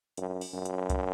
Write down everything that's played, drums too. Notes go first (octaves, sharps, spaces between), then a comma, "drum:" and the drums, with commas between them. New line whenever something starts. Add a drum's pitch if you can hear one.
F#2, drum: hi-hat
drum: open hi-hat
F#2
drum: hi-hat
drum: kick C2, hi-hat